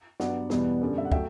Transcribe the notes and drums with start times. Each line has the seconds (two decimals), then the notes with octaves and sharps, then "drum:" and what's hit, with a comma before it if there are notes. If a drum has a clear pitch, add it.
0.20 G2 F#3 B3 D5 F#5, drum: snare
0.50 E2 B2 G3 B3, drum: snare
0.81 F#2 D3 G3
0.98 E5
1.05 F#5
1.12 F#3 A3 E5 G5, drum: kick